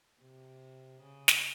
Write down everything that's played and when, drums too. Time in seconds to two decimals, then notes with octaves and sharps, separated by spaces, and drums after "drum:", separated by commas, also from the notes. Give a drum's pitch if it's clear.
0.21 C3
1.01 C#3
1.28 drum: snare